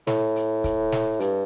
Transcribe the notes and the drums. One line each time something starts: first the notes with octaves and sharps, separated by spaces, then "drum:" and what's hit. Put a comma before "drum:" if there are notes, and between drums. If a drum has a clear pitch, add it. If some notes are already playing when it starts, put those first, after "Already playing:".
A2, drum: snare
drum: hi-hat
drum: kick C#1, hi-hat
drum: snare
G2, drum: hi-hat